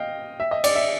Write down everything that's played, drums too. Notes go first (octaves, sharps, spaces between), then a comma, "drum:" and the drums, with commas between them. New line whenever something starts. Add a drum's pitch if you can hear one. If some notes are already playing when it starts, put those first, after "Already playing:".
Already playing: D#5 F5 G5
E5
D#5
D5, drum: cymbal
E5